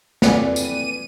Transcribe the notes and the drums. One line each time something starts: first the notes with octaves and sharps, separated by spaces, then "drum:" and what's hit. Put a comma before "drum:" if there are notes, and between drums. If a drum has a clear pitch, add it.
C4 E4 A4 B4 D5 G#5, drum: snare
D#7, drum: tambourine